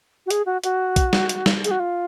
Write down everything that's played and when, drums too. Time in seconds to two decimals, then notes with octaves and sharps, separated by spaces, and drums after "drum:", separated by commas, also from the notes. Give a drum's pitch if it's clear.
0.26 F#4
0.30 G#4, drum: hi-hat
0.46 F#4
0.64 F#4, drum: hi-hat
0.96 drum: kick A#1, hi-hat
1.13 drum: snare
1.29 drum: hi-hat
1.46 drum: snare
1.64 G#4, drum: hi-hat
1.71 F#4
1.80 F4